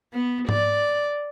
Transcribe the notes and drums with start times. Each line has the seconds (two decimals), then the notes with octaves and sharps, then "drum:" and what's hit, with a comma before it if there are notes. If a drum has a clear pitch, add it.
0.13 B3
0.49 D5, drum: tom G#2